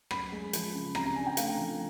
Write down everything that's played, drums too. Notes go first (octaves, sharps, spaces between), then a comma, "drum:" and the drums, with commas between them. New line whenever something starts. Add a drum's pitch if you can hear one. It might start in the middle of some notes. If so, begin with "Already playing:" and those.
F#2 B5, drum: rim click
G#3
F3, drum: hi-hat
C#3
C3 A#5, drum: rim click
A#5
D4 G#5
G5
A3 F5, drum: hi-hat
F3